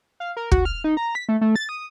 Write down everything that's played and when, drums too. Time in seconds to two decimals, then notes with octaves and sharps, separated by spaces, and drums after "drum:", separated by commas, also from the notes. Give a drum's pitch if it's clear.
0.20 F5
0.37 A#4
0.52 F#4, drum: kick
0.65 F6
0.84 D#4
0.97 A#5
1.15 B6
1.29 A3
1.41 A3
1.56 A6
1.69 D#6